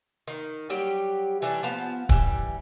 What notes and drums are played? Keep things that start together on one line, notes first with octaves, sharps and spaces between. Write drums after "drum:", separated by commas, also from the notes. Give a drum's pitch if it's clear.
D#3
F#3 G3 G4
E3 G3 A3 D4
F3 B3 A5
E3 G3, drum: kick